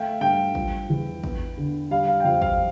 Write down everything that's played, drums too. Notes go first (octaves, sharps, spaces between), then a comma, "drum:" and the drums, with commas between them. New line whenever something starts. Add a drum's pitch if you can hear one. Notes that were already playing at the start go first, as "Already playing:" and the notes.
Already playing: A3 E5 F5 G5
G2 G5
F3, drum: kick
E2
B3, drum: kick
D3
G3 F5
F5
G5
F2 F5
F5, drum: kick